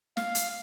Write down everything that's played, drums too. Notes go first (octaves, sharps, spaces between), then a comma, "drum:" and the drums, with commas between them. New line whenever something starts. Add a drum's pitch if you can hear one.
F5, drum: snare
drum: hi-hat